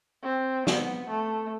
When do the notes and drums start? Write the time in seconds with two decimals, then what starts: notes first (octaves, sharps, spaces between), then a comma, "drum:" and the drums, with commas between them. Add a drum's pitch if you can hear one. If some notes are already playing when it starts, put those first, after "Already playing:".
0.23 C4
0.67 B3, drum: snare
1.09 A3